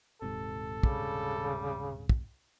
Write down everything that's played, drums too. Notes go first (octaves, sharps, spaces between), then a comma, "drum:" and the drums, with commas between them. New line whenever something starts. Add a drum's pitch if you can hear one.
D#1 G#2 C3 A4
C#3 G3, drum: kick
drum: kick